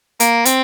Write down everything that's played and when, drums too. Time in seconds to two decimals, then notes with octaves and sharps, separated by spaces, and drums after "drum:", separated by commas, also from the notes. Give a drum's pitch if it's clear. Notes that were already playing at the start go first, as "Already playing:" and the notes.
0.20 A#3, drum: hi-hat
0.45 C4, drum: hi-hat